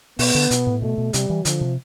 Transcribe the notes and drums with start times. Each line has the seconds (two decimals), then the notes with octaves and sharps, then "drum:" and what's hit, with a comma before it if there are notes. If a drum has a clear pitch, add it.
0.19 B2 B3, drum: open hi-hat
0.35 D3
0.51 B2, drum: hi-hat
0.67 A2
0.82 B2 A3
0.98 B2
1.13 C3 G3, drum: hi-hat
1.30 E3
1.45 D3 F3, drum: hi-hat
1.61 C3